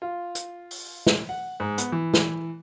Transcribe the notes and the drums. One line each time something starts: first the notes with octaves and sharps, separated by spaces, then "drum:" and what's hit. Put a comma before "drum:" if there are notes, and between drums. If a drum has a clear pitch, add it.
F4
drum: hi-hat
drum: open hi-hat
drum: snare
F#5
G#2
B3, drum: hi-hat
E3
drum: snare